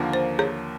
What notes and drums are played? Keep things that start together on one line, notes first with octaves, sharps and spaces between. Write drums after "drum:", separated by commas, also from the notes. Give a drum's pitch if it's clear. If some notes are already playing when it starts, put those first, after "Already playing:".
Already playing: D#2 D3 F3 A#3
C5
C#5, drum: rim click